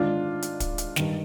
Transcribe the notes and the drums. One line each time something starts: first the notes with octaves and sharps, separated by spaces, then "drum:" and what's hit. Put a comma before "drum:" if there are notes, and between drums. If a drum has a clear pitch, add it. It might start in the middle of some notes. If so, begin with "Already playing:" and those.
Already playing: G#2 D#3 D4 F4
drum: hi-hat
drum: kick, hi-hat
drum: hi-hat
G2 D#3, drum: snare